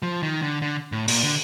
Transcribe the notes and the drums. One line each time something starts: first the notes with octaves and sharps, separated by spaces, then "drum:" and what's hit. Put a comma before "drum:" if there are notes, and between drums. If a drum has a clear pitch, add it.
F3
D#3
D3
D3
A2
A#2, drum: open hi-hat
D3